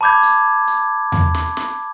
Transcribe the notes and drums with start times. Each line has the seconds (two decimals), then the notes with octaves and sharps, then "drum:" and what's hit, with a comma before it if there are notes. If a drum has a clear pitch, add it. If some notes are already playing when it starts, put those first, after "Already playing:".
0.01 A5 B5 D6 G6 G#6
0.23 drum: hi-hat
0.68 drum: hi-hat
1.12 drum: tom E2
1.35 drum: snare
1.57 drum: snare